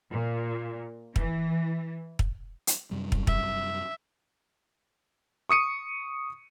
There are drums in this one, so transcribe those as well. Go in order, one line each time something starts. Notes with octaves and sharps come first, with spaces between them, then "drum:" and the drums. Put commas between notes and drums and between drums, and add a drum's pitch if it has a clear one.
A#2
E3, drum: kick
drum: kick
drum: hi-hat
F#2 C3 G3
drum: kick
E5, drum: kick
C#6 D#6 C#7 D#7